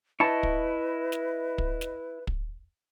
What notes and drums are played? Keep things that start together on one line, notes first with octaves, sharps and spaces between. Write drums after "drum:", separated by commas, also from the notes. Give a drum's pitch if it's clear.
E4 B4 D#5 A5 C#6
drum: kick
drum: snare
drum: kick
drum: snare
drum: kick